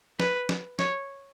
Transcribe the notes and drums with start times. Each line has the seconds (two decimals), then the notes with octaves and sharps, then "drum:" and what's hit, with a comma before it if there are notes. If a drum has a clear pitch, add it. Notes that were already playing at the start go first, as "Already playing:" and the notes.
0.20 B4, drum: snare
0.49 drum: snare
0.79 C#5, drum: snare